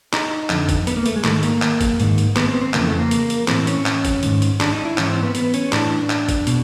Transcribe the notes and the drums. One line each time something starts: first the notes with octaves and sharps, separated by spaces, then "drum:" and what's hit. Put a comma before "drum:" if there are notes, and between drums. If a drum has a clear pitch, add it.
D#4, drum: clap
F2 D3, drum: clap
drum: kick G1, hi-hat
B3, drum: hi-hat
A#3
A3, drum: hi-hat
G#3
G#2 D#3 A3, drum: clap
A#3, drum: hi-hat
drum: clap
drum: kick G1, hi-hat
G#2 D#3, drum: hi-hat
drum: hi-hat
B3, drum: clap
C4
C4
F2 C#3 E3 A#3, drum: clap
A3
A#3
drum: hi-hat
drum: hi-hat
A2 E3 C4, drum: clap
C#4, drum: hi-hat
drum: clap
drum: kick G1, hi-hat
G#2 D#3, drum: hi-hat
drum: hi-hat
D4, drum: clap
D#4
E4
G#2 E3 C#4, drum: clap
C4
B3
B3, drum: hi-hat
C#4, drum: hi-hat
A2 E3 D4, drum: clap
drum: clap
drum: kick G1, hi-hat
B2, drum: hi-hat